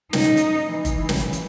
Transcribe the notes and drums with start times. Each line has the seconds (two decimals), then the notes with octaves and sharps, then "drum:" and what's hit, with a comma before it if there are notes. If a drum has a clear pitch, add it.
0.13 D#4, drum: snare
0.37 drum: hi-hat
0.71 E3
0.85 drum: kick, hi-hat
1.09 drum: snare
1.33 drum: hi-hat